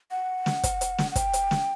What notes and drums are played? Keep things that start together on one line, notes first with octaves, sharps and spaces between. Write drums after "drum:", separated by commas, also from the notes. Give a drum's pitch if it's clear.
F#5
drum: snare
drum: kick, hi-hat
drum: hi-hat
drum: snare
F#5
G5, drum: kick, hi-hat
drum: hi-hat
drum: snare